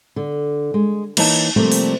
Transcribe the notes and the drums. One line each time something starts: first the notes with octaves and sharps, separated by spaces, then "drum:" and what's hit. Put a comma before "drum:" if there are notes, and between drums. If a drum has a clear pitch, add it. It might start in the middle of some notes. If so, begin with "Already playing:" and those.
D3
G#3
E3 A#3 D#4 C#5 D#5 A5, drum: cymbal
C3 F3 G3 A3 A#3 C4
drum: open hi-hat